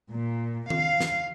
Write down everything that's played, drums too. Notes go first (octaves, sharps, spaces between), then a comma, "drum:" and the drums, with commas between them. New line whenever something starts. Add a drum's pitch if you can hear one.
A#2
F5, drum: tom D#3
drum: snare